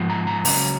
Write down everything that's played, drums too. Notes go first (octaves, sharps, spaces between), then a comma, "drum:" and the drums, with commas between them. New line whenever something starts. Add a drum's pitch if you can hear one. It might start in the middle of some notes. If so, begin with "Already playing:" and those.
Already playing: G#2 F3 B3
A#5
A#5
C#2 C#3 F#3 C#4 A#5, drum: open hi-hat